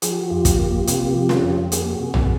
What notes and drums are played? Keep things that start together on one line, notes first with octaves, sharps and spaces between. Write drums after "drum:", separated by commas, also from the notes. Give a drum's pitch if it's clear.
F3 G#4, drum: hi-hat
G4
F#4
F2 F4 G4
drum: kick, hi-hat
A#3
C3, drum: hi-hat
F3
drum: snare
F2
A#3 G#4, drum: hi-hat
G4
F#4 G#4
C3
drum: tom A#1